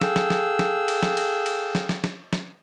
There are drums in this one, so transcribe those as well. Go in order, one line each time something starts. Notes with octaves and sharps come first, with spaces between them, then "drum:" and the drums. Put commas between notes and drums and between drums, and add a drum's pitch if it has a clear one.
G#4 A4 F5 G5 E6, drum: snare
drum: snare
drum: snare
drum: snare
drum: cymbal
drum: snare
drum: cymbal
drum: cymbal
drum: snare
drum: snare
drum: snare
drum: snare